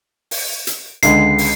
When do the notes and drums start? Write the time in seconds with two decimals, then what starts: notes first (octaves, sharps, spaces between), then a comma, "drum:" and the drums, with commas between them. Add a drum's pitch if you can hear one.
0.31 drum: open hi-hat
0.67 drum: hi-hat
1.03 C#2 D3 G#3 C7, drum: hi-hat
1.38 drum: open hi-hat